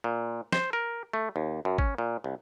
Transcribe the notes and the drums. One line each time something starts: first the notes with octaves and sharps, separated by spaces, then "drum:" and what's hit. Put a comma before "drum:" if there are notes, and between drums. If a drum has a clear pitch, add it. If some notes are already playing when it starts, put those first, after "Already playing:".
A#2
C5, drum: snare
A#4
A3
D#2
F#2
C#4, drum: kick G#1
A#2
C2